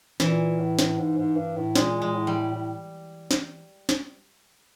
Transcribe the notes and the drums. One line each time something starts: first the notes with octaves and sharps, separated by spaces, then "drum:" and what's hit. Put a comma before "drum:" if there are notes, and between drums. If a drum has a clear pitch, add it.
A#2 E3, drum: snare
A2
drum: snare
G#2
G#2
G2
A2
A#2 G#3, drum: snare
G#3
A2
G3
A2
drum: snare
drum: snare